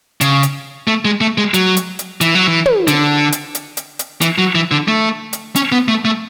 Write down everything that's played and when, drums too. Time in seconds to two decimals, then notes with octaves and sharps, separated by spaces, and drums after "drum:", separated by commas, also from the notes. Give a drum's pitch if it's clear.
0.21 C#3, drum: hi-hat
0.43 drum: hi-hat
0.87 A3
1.05 G#3
1.21 A3
1.38 G#3
1.54 F#3, drum: hi-hat
1.77 drum: hi-hat
1.99 drum: hi-hat
2.21 E3, drum: hi-hat
2.35 F#3
2.48 E3
2.66 drum: tom
2.87 D3, drum: hi-hat
3.32 drum: hi-hat
3.55 drum: hi-hat
3.77 drum: hi-hat
3.99 drum: hi-hat
4.21 E3, drum: hi-hat
4.38 F#3
4.55 E3
4.71 D3
4.88 A3
5.33 drum: hi-hat
5.56 C#4, drum: hi-hat
5.72 B3
5.88 A3
6.05 A3